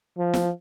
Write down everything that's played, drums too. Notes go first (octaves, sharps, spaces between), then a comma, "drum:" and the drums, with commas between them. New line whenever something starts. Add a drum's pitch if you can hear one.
F3
drum: snare